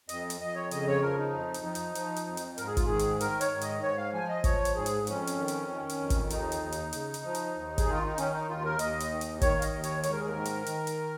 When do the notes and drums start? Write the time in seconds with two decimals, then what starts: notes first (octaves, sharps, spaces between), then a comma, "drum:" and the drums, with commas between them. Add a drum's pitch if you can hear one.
0.09 F2 D#5, drum: hi-hat
0.30 drum: hi-hat
0.41 F2 D#5
0.55 C#5
0.71 C#3 D#5, drum: hi-hat
0.87 C#5
1.02 F3 A#4
1.18 D#4
1.33 F2
1.54 drum: hi-hat
1.65 F3
1.75 drum: hi-hat
1.95 F3, drum: hi-hat
2.16 drum: hi-hat
2.27 F2
2.37 drum: hi-hat
2.58 G#2 A#4, drum: hi-hat
2.66 G#4
2.77 F4, drum: kick, hi-hat
2.86 D#3 G#4
2.99 drum: hi-hat
3.21 D#3 A#4, drum: hi-hat
3.41 C#5, drum: hi-hat
3.52 G#2
3.61 D#5, drum: hi-hat
3.83 G#2 C#5
3.97 F5
4.14 F3 G#5
4.29 D#5
4.44 F3 C#5, drum: kick, hi-hat
4.65 drum: hi-hat
4.75 G#2 G#4
4.86 drum: hi-hat
5.07 F2 C#4, drum: hi-hat
5.27 drum: hi-hat
5.38 D#3
5.48 drum: hi-hat
5.69 D#3
5.89 drum: hi-hat
5.99 F2
6.10 drum: kick, hi-hat
6.30 D#2 D#4, drum: hi-hat
6.52 drum: hi-hat
6.61 D#2
6.72 drum: hi-hat
6.93 C#3, drum: hi-hat
7.14 drum: hi-hat
7.24 F3
7.35 drum: hi-hat
7.55 D#2
7.78 G#4, drum: kick, hi-hat
7.86 D#3 F4
8.05 D#4
8.18 D#3 C#4, drum: hi-hat
8.33 D#4
8.48 D#2 F4
8.65 A#4
8.79 D#2 D#5, drum: hi-hat
9.00 drum: hi-hat
9.11 D#3
9.21 drum: hi-hat
9.41 D#3 C#5, drum: kick, hi-hat
9.59 F5
9.62 D#5, drum: hi-hat
9.73 D#2
9.84 C#5, drum: hi-hat
10.03 G#2 C#5, drum: hi-hat
10.12 A#4
10.21 G#4
10.28 A#4
10.36 D#3
10.45 drum: hi-hat
10.66 D#3, drum: hi-hat
10.87 drum: hi-hat